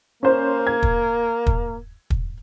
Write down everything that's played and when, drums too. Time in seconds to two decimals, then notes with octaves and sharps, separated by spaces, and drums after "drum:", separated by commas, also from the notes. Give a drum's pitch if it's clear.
0.23 A#3 C#4 C5
0.67 G#6
0.83 drum: kick
1.46 drum: kick
2.10 drum: kick